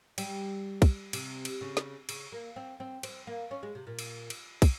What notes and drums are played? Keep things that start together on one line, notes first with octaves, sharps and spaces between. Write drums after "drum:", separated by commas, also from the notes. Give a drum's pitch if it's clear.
G3, drum: cymbal
drum: kick, cymbal
C3, drum: cymbal
drum: cymbal
C#3
drum: snare
C#3, drum: cymbal
A#3
C4
C4
C4, drum: cymbal
A#3
C#4
G#3
C3
A#2
drum: cymbal
drum: cymbal
drum: kick, cymbal